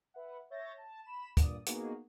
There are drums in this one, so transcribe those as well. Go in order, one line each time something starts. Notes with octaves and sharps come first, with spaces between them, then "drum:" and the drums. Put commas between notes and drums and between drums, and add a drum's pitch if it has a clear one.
B4 E5 F#5
C#5 E5 G6 A6 A#6
A5
B5 E7
G2 A#2 D5 D#6, drum: kick, hi-hat
A#3 B3 D#4 F#4 G#4, drum: hi-hat